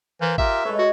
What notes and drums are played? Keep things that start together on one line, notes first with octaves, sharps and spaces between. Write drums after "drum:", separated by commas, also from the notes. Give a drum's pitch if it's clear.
E3 A#4 C5 F5
F4 G4 A#4 E5, drum: kick G#1
G#3 A3 A4 B4 C#5
F#4